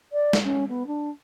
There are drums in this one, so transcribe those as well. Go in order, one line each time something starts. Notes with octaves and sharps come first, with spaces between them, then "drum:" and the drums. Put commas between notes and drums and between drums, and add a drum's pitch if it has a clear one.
D5
drum: snare
C#4
B3
D4